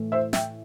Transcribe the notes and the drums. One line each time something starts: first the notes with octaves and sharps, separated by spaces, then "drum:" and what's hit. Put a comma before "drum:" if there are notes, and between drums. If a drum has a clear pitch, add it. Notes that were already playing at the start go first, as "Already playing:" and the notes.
Already playing: A2 E3 A3
C5 E5
E5 G5, drum: snare